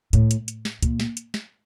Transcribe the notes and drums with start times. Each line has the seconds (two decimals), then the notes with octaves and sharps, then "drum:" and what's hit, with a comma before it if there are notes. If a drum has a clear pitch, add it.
0.13 A2, drum: kick C#2, hi-hat
0.31 drum: hi-hat
0.48 drum: hi-hat
0.65 drum: snare
0.83 A#2, drum: kick C#2, hi-hat
1.00 drum: snare
1.17 drum: hi-hat
1.34 drum: snare